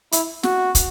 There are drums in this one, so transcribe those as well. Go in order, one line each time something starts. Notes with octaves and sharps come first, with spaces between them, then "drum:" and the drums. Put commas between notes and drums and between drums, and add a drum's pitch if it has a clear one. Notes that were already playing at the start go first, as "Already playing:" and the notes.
E4, drum: hi-hat
F#4, drum: snare
drum: kick, hi-hat